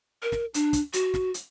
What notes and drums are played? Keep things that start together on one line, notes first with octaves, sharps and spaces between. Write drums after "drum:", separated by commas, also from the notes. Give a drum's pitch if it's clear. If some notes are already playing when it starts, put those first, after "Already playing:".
A#4
drum: snare
D4, drum: hi-hat
drum: kick, hi-hat
F#4, drum: hi-hat
drum: snare
drum: hi-hat